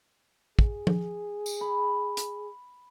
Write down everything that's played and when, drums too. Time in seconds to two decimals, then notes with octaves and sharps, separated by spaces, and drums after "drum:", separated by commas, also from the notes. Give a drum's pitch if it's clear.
0.59 G#4, drum: kick
0.87 drum: tom F3
1.46 drum: tambourine
1.61 B5
2.17 drum: hi-hat